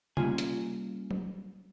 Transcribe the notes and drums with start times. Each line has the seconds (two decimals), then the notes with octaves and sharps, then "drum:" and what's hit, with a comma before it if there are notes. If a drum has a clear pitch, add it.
0.17 C#3 G3 A#3 F4 G#5, drum: tom C3
0.38 drum: hi-hat
1.11 drum: tom F#3